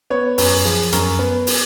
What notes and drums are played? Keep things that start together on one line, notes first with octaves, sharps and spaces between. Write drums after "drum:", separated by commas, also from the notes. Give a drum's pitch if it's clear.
B3 C#5
F#2 B4, drum: open hi-hat
F3 G#4
F#2 A#4, drum: hi-hat
B3
drum: open hi-hat